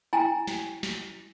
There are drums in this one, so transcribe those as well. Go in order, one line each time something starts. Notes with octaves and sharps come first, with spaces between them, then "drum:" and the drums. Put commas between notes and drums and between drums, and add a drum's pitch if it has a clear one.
E4 G5 G#5 A#5
drum: snare
drum: snare